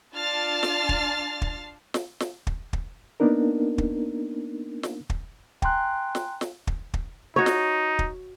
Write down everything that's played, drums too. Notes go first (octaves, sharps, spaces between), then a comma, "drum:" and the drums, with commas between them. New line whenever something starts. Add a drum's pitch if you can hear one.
D4 F4 A5 F6 A6 C7
drum: snare
drum: kick
drum: kick
drum: snare
drum: snare
drum: kick
drum: kick
A#3 B3 D4 D#4 A#4
drum: kick
drum: snare
drum: kick
G5 G#5 A#5 C6 F#6, drum: kick
drum: snare
drum: snare
drum: kick
drum: kick
D#4 F#4 C#5
drum: snare
drum: kick